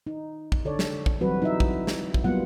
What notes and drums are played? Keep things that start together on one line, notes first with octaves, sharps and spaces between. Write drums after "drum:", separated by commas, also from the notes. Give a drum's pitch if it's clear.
D#4
drum: kick
D3 A4 C#5 D5
drum: snare
drum: kick
E3 F#3 G3 C4 F#4 B4
D#4 E4 E5
drum: kick
drum: snare
drum: kick
F#3 G3 A#3 B3 F4 F#5